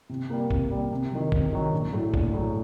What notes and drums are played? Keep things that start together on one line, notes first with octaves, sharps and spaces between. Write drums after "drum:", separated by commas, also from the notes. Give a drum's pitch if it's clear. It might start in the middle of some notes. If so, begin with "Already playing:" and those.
C3
G3 A#3
C3, drum: kick A#1
G3 A#3
C3
D#3 F#3
C3, drum: kick A#1
D#3 F#3
A#1
A2 F#3
A#1, drum: kick A#1
A2 F#3